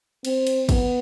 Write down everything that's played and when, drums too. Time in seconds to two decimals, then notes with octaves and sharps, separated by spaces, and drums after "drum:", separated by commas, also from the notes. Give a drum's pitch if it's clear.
0.25 C4, drum: cymbal
0.47 drum: cymbal
0.69 B3, drum: kick, cymbal